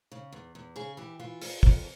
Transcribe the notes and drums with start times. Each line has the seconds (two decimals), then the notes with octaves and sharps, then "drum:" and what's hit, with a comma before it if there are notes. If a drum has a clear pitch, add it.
0.12 C#3
0.32 E2
0.55 E2
0.76 C#3 G#4
0.97 E3 G4
1.19 E3 F4
1.41 F2, drum: open hi-hat
1.63 F2, drum: kick